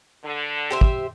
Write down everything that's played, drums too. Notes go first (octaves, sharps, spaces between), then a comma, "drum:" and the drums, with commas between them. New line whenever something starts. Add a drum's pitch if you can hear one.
D3
G4 C5 E5
drum: kick